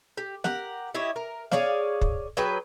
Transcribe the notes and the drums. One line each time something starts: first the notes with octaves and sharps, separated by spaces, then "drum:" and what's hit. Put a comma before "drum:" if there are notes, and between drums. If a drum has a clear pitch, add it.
G4
G4 A#4 F#5, drum: snare
E4 G4 C#5 D#5
A#4
G#4 C#5 D5 F5, drum: snare
drum: kick
F#3 G#4 B4 G5